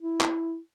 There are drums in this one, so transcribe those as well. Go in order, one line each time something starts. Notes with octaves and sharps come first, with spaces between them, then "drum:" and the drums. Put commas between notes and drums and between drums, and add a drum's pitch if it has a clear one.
E4
drum: clap